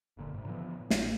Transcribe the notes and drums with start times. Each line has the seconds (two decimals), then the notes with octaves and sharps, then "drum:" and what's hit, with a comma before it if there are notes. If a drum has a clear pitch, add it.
0.17 F#1 A#2 D3
0.34 G#2 C3
0.46 D3 E3 F3 B3
0.77 A2
0.90 A1, drum: snare